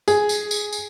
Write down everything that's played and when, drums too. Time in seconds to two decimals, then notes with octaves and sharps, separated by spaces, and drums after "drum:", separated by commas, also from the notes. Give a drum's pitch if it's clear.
0.08 G#4, drum: tambourine
0.29 drum: tambourine
0.51 drum: tambourine
0.72 drum: tambourine